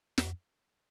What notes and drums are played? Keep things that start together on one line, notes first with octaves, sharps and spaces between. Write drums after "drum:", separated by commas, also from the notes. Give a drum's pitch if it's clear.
E2, drum: snare
F2